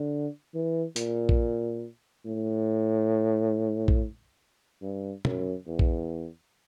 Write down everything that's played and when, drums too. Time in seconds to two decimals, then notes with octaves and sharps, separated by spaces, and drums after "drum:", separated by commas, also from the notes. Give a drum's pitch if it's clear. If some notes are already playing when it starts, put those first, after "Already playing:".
Already playing: D3
0.54 E3
0.96 A#2, drum: hi-hat
1.29 drum: kick A#1
2.25 A2
3.88 drum: kick A#1
4.82 G2
5.25 F#2, drum: tom
5.67 E2
5.79 drum: kick A#1